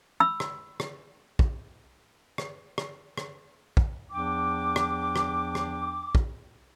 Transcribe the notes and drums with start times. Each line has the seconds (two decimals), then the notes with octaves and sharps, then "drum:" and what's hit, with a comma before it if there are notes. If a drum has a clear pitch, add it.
0.20 B5 E6
0.40 drum: rim click
0.80 drum: rim click
1.39 drum: kick
2.38 drum: rim click
2.78 drum: rim click
3.17 drum: rim click
3.77 drum: kick
4.11 E2 F3 D4 G5 D6
4.76 drum: rim click
5.16 drum: rim click
5.55 drum: rim click
6.15 drum: kick